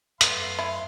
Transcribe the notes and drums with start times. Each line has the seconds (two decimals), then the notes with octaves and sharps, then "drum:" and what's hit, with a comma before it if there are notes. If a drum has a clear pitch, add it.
0.21 F#2 A3 B3 F5 C6, drum: hi-hat
0.59 E4